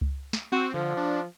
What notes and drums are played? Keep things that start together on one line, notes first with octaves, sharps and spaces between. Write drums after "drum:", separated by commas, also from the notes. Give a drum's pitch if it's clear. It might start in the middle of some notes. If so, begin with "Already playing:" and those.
drum: kick C#2
drum: snare
C4 F#4
D3 F3
D4